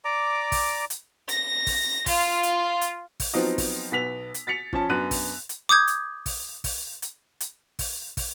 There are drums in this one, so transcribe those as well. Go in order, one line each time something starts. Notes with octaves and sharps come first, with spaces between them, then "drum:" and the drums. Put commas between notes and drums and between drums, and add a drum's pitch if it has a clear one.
D5 A#5 D6
drum: kick, open hi-hat
drum: hi-hat
A#6, drum: hi-hat
drum: kick, open hi-hat
F4, drum: kick, open hi-hat
drum: hi-hat
drum: hi-hat
drum: kick, open hi-hat
F3 F#3 B3 C4 D#4 F4
drum: kick, open hi-hat
B1 B3 B6 F7
drum: hi-hat
A6 B6 C#7 F7
F3 C#4 C#5 A5, drum: kick
F#2 B3 D4 F#6 D#7
drum: kick, open hi-hat
drum: hi-hat
D6 D#6 G6 G#6
drum: hi-hat
drum: kick, open hi-hat
drum: kick, open hi-hat
drum: hi-hat
drum: hi-hat
drum: kick, open hi-hat
drum: kick, open hi-hat